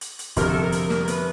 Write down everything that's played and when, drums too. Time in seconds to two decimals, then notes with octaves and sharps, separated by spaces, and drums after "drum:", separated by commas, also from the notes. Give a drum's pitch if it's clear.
0.01 drum: hi-hat
0.19 drum: hi-hat
0.36 G1 F2 C3 A#4, drum: kick, hi-hat
0.49 A4
0.61 A#4
0.72 drum: hi-hat
0.90 drum: snare
1.03 A#4
1.08 B4, drum: hi-hat